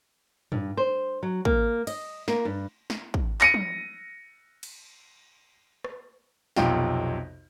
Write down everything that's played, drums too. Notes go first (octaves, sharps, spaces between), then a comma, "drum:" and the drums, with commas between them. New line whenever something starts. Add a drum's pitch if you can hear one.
G2, drum: tom
C5
F#3
A#3, drum: kick
D#5, drum: cymbal
A#3, drum: snare
G2
drum: snare
drum: kick
A#6 C#7 D#7, drum: clap
drum: tom
drum: cymbal
drum: rim click
B1 F2 C3 F4 G5, drum: snare